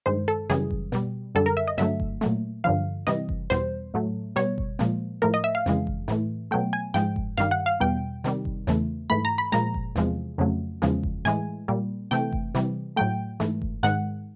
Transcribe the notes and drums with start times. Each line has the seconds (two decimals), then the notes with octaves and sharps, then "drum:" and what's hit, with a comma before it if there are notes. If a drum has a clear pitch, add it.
0.06 G2 D#3 G#3 C5
0.28 A4
0.50 F#2 C#3 E3 G3 G#4, drum: snare
0.71 drum: kick F#1
0.92 B2 G3, drum: snare
1.35 F#2 D3 G3 A4
1.46 A#4
1.57 E5
1.68 D#5
1.78 G2 D3 F#3 A3 E5, drum: snare
2.00 drum: kick F#1
2.21 A#2 F#3 A3, drum: snare
2.64 G2 D3 F3 F5
3.07 C3 E3 G3 D#5, drum: snare
3.29 drum: kick F#1
3.50 E2 B2 G3 C5, drum: snare
3.94 A2 F#3 A3
4.36 B2 G3 C#5, drum: snare
4.58 drum: kick F#1
4.79 A#2 F3 G#3, drum: snare
5.22 A2 F3 A3 A#4
5.34 D#5
5.44 E5
5.55 F5
5.66 F2 C#3 E3 G#3, drum: snare
5.87 drum: kick F#1
6.08 A2 E3 A3, drum: snare
6.51 B2 F#3 A3 G5
6.73 G#5
6.94 G#2 F3 G#3 G5, drum: snare
7.16 drum: kick F#1
7.38 G2 D#3 G3 F5, drum: snare
7.51 F#5
7.66 F5
7.80 E2 B2 G3 G5
8.24 C3 D#3 G3, drum: snare
8.45 drum: kick F#1
8.67 E2 C#3 E3 A3, drum: snare
9.10 G#2 E3 A3 B5
9.25 A#5
9.38 B5
9.52 A#2 F3 G#3 A#5, drum: snare
9.74 drum: kick F#1
9.96 E2 C3 F3 G#3, drum: snare
10.38 F2 C#3 F#3 A3
10.82 E2 C#3 F3 G#3, drum: snare
11.03 drum: kick F#1
11.25 A2 E3 G#3 G#5, drum: snare
11.68 A#2 G3
12.11 C3 E3 A3 G5, drum: snare
12.32 drum: kick F#1
12.55 C3 E3 G3, drum: snare
12.96 A2 F#3 A3 G5
13.40 G#2 E3 A3, drum: snare
13.62 drum: kick F#1
13.83 G#2 D#3 G#3 F#5, drum: snare